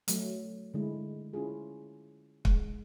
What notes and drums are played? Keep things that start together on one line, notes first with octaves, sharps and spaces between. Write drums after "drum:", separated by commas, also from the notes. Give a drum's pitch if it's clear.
F#3 A3, drum: hi-hat
D3 G#3 E4
C#4 E4 F4 G#4
G#3, drum: kick